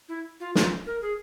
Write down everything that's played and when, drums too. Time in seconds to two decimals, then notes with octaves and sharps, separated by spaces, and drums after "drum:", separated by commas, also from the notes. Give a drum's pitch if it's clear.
0.08 E4
0.40 F4
0.55 F4, drum: snare
0.86 A#4
1.02 G#4